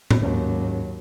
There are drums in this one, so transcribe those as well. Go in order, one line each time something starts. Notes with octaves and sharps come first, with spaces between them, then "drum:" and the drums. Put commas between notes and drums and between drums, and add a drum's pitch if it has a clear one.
drum: tom A2
D#2 G#2 F#3 C#4